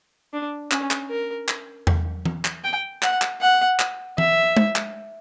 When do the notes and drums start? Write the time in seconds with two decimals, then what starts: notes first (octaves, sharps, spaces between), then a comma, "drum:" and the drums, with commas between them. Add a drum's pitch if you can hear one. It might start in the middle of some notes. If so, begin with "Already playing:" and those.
0.33 D4
0.71 C#4, drum: clap
0.91 drum: clap
1.10 A#4
1.48 drum: clap
1.87 drum: tom E2
2.25 drum: tom E3
2.45 drum: clap
2.64 G5
3.02 F#5, drum: clap
3.22 drum: clap
3.41 F#5
3.80 drum: clap
4.18 E5, drum: tom E3
4.57 drum: tom G#3
4.76 drum: clap